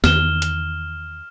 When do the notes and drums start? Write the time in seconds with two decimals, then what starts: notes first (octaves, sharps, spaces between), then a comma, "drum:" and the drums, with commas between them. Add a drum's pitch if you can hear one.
0.04 E2 D#3 F6 E7 G7, drum: snare
0.42 drum: hi-hat